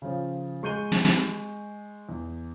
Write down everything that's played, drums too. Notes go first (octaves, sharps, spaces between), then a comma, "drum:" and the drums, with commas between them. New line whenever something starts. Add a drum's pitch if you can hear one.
C#3 F3
G#3 C#6 G6 D#7 G7
drum: snare
drum: snare
E2